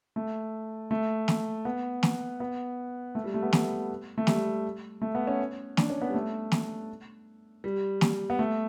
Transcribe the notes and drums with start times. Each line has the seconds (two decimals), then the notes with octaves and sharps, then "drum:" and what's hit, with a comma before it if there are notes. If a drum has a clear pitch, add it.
0.16 A3
0.91 A3
1.28 drum: snare
1.65 B3
2.03 drum: snare
2.40 B3
3.15 A3
3.24 G3
3.34 A3
3.43 B3
3.53 A3, drum: snare
4.18 A3
4.27 G3, drum: snare
5.02 A3
5.15 B3
5.27 C#4
5.77 D4, drum: snare
5.90 C#4
6.02 B3
6.08 G3
6.14 A3
6.52 drum: snare
7.64 G3
8.01 drum: snare
8.30 B3
8.39 A3